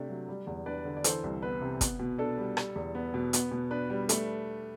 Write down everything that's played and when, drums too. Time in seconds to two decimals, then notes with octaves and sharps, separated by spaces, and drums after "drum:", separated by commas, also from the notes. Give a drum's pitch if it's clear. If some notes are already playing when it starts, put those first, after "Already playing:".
Already playing: C3 A3 D4
0.09 F#3
0.28 G3
0.47 E2
0.66 D4 B4 D5
0.85 D3
0.97 D5
1.04 E3 A4 C5, drum: hi-hat
1.24 C2
1.43 B3 B4
1.61 C3
1.81 B3, drum: kick, hi-hat
1.99 B2
2.18 D4 A4
2.38 G3
2.57 G3, drum: rim click
2.76 E2
2.95 B3
3.14 B2
3.33 B3, drum: hi-hat
3.51 B2
3.71 D4 B4
3.90 G3
4.09 A3, drum: hi-hat